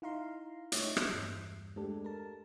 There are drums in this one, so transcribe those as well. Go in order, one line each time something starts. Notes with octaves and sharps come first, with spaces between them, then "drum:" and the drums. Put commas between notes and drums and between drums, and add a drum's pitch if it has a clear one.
D#4 E4 F5 A#5 C6
A3 D#4 C#5 E5, drum: hi-hat
E6 F#6 G6 B6 C7 D7, drum: rim click
E2 G2
G#3 A3 D4 G4 A4
A#4 A5